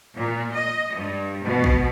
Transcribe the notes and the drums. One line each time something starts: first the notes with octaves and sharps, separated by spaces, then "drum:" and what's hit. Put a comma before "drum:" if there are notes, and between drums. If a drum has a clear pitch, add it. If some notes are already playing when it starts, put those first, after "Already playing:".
A#2
D#5
G2
B2
drum: kick